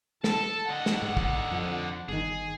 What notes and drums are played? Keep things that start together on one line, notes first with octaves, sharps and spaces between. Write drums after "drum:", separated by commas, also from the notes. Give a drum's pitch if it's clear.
A4 A5, drum: snare
D3 D#5 F#5
drum: snare
G#2
drum: kick
F2
G1 D#3 G#4